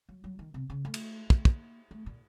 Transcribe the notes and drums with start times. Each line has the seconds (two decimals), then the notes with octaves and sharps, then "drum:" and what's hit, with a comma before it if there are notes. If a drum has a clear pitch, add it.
0.09 F#3
0.24 F#3
0.39 D#3
0.54 C3
0.70 C#3
0.85 A3
0.94 drum: cymbal
1.30 A3, drum: kick
1.45 A#3, drum: kick
1.91 A3
2.06 A#2